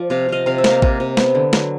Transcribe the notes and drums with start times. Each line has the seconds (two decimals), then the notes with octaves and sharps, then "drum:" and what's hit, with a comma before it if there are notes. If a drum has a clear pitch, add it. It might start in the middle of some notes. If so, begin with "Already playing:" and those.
Already playing: F3 D5
0.10 C3 F5
0.29 C3 D#5 F5
0.46 C3 F5
0.58 E5
0.64 A#3, drum: snare
0.70 D#5 F5
0.82 C3, drum: kick A1
1.00 C3
1.17 B3, drum: snare
1.35 D3
1.53 F#3, drum: snare